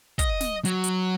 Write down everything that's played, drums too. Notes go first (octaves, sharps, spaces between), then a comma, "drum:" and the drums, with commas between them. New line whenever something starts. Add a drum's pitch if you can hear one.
D#5, drum: kick, hi-hat
drum: snare
F#3, drum: hi-hat
drum: hi-hat